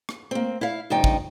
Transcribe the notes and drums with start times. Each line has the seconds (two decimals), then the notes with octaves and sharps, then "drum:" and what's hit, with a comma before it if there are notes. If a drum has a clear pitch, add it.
0.09 drum: rim click
0.31 A#3 C4
0.61 E4 F5
0.90 D2 G2 C#3 F3 D#4 G5
1.04 drum: kick